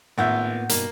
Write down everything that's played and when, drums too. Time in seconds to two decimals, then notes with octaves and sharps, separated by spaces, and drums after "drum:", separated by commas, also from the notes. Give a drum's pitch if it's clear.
0.18 G#1 A2 A#3 B3 F4 E5 F#5 G6
0.69 G2 B2 A#3 D#4, drum: hi-hat